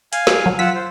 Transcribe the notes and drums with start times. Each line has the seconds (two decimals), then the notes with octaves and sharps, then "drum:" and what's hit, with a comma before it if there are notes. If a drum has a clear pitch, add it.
0.13 F5 G#5, drum: hi-hat
0.27 drum: snare
0.46 F#3
0.59 F4 F#5 E6 B6
0.75 C5